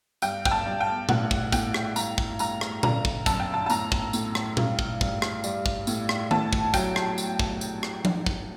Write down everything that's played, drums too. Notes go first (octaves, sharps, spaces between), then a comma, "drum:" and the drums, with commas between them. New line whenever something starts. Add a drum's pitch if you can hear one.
G2 G5, drum: tambourine
G5, drum: kick
A5
G2
G5
A2 F#5, drum: tom A#2
drum: kick
A2 G5, drum: kick, tambourine
drum: rim click
G2 A#5, drum: tambourine
drum: kick
G2 A#5, drum: tambourine
drum: rim click
D3 A#5, drum: tom A#2
drum: kick
F#2 A5, drum: kick, tambourine
G5
A5
A5
A2 A#5, drum: tambourine
drum: kick
A2, drum: tambourine
drum: rim click
G2, drum: tom A#2
drum: kick
G2, drum: kick
drum: rim click
G3, drum: tambourine
drum: kick
A2, drum: tambourine
drum: rim click
A2 A5, drum: tom D#3
drum: kick
F#3 G5, drum: kick, tambourine
drum: rim click
drum: tambourine
drum: kick
drum: tambourine
drum: rim click
drum: tom F3
drum: kick